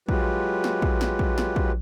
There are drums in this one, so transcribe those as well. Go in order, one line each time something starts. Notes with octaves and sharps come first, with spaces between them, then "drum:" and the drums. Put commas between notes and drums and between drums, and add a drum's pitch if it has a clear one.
F#3 G#3 F4 G4 B4, drum: kick A#1
drum: snare
drum: kick A#1
drum: snare
drum: kick A#1
drum: snare
drum: kick A#1